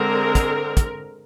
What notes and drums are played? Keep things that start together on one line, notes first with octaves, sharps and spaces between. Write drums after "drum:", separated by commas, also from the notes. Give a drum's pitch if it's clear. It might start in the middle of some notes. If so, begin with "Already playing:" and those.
Already playing: D3 G#3 C4 A#4
drum: kick, hi-hat
drum: kick, hi-hat